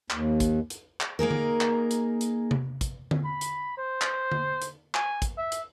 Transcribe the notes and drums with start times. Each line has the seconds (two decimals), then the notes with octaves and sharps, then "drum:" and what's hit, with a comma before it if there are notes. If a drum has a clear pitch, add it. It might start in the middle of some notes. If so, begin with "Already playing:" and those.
0.10 D#2, drum: clap
0.40 drum: kick A1, hi-hat
0.70 drum: hi-hat
1.00 drum: clap
1.19 A#3 D#4 G#4 A#4
1.31 drum: tom D3
1.61 drum: clap
1.91 drum: hi-hat
2.21 drum: hi-hat
2.51 drum: tom C3
2.81 drum: kick A1, hi-hat
3.11 drum: tom D3
3.25 B5
3.41 drum: hi-hat
3.77 C5
4.01 drum: clap
4.31 drum: tom D3
4.62 drum: hi-hat
4.94 G#5, drum: clap
5.22 drum: kick A1, hi-hat
5.37 E5
5.52 drum: hi-hat